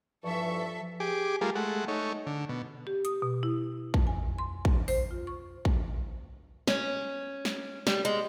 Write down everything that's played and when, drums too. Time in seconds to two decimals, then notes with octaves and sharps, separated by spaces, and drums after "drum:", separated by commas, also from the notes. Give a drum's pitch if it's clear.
0.23 G2 E3 F3 A4 E5 C#6
1.00 G4 G#4 D6
1.41 G3 A3 F4 G#4 A#4
1.55 G#3 A3 F#5
1.88 A3 D#4 C#5
2.27 D3
2.49 B2
2.87 G4
3.05 D#6, drum: hi-hat
3.22 B2
3.43 E4
3.94 F2, drum: kick A#1
4.07 G#5
4.38 C6
4.65 drum: kick A#1
4.88 C5, drum: open hi-hat
5.11 F4
5.27 C#6
5.65 drum: kick A#1
6.67 C#4, drum: snare
7.45 drum: snare
7.87 G3, drum: snare
8.05 G#3, drum: hi-hat